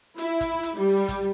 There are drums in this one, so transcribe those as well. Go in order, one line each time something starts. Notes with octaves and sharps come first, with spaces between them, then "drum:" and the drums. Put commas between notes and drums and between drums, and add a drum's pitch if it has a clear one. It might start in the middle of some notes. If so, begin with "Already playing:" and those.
E4, drum: hi-hat
drum: kick, hi-hat
drum: hi-hat
G3
drum: kick, hi-hat